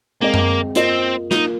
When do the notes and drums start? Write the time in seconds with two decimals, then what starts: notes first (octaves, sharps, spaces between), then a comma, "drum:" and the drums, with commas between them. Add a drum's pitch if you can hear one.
0.20 G#3 A#3 C4 G#4 D#5
0.34 drum: tom F#2
0.75 A#3 C4 F4 A#4 D#5, drum: hi-hat
1.31 A#3 D#4 F4 A#4, drum: snare